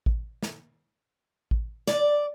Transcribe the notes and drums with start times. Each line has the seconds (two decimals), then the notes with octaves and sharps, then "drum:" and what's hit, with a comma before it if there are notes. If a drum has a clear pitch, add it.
0.06 drum: kick A1
0.43 drum: snare
1.51 drum: kick A1
1.87 D5, drum: snare